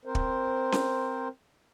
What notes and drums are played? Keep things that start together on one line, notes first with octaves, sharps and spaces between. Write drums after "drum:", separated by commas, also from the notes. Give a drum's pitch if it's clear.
C4 A#4 C5
drum: kick
drum: snare C#4